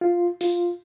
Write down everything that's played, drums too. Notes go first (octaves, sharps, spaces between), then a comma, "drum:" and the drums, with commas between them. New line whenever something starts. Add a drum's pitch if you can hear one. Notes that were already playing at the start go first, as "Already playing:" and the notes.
F4
F4, drum: open hi-hat